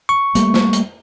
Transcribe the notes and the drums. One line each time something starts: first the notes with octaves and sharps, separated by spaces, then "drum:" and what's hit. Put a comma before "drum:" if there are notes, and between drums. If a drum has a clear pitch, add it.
C#6
G3 A3 A#3, drum: hi-hat
drum: snare
drum: hi-hat